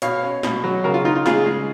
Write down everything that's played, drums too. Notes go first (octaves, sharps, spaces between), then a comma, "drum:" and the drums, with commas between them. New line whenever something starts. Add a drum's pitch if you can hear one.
B2 C#5 F5, drum: hi-hat
C#4
B2, drum: snare
F#3
C#3 F#4 A#4
F4
D#4 F4
F4
C#3 F4 G#4, drum: snare
G#3